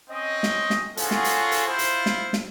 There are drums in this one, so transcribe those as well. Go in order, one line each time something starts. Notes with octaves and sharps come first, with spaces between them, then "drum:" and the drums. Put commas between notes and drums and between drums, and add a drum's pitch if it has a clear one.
C4 C#4 D#5
drum: snare
drum: snare
C#4 F4 F#4 G#4 A4, drum: hi-hat
drum: snare
drum: hi-hat
drum: hi-hat
E4 F4 C5
drum: hi-hat
drum: snare
drum: snare